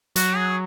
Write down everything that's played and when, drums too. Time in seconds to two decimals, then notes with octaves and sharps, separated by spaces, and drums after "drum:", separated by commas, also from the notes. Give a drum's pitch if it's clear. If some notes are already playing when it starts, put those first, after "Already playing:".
0.16 F#3 F#4, drum: hi-hat
0.36 G#4